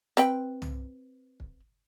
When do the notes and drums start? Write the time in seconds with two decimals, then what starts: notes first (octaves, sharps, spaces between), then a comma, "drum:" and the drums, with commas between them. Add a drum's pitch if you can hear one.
0.17 C4 B4 G5, drum: hi-hat
0.62 drum: tom
1.40 drum: kick